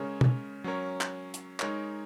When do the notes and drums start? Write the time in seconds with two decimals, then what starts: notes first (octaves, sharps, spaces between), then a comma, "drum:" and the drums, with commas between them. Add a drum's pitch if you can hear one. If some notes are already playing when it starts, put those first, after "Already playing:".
Already playing: C#3 G#3 C#4 A#4 C#5
0.21 drum: tom
0.64 F#3 C#4 A#4 C#5
1.01 drum: clap
1.34 drum: hi-hat
1.60 G#3 D#4 A#4 C#5, drum: clap